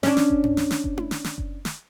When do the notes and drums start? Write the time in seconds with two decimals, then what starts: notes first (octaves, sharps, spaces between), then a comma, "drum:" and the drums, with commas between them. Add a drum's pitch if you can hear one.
0.03 C#4 D4, drum: snare
0.17 drum: snare
0.30 drum: kick F#1
0.44 drum: tom G2
0.57 drum: snare
0.71 drum: snare
0.84 drum: kick F#1
0.97 drum: tom E4
1.11 drum: snare
1.24 drum: snare
1.38 drum: kick F#1
1.65 drum: snare